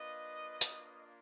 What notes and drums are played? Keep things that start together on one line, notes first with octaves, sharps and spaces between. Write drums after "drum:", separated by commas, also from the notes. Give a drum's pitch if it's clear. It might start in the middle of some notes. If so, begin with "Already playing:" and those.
Already playing: A#3 D4 F4 B4 D#5
drum: hi-hat